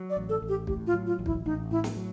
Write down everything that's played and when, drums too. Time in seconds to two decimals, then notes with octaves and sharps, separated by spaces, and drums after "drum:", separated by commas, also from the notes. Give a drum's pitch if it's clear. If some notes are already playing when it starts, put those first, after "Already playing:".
Already playing: F#3
0.10 D5
0.17 A1
0.29 A4
0.42 A1
0.49 G4
0.67 A2 G4, drum: kick
0.87 F4
0.94 F#3
1.06 F4
1.19 A1
1.26 E4, drum: kick
1.45 A1 D#4
1.71 A2 E4
1.84 drum: snare
1.97 F#3